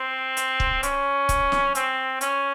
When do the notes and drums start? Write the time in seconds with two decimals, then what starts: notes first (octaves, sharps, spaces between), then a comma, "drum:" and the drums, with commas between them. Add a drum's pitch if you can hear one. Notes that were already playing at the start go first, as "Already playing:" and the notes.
Already playing: C4
0.37 drum: hi-hat
0.60 drum: kick
0.83 C#4, drum: hi-hat
1.29 drum: kick, hi-hat
1.52 drum: snare
1.75 C4, drum: hi-hat
2.21 C#4, drum: hi-hat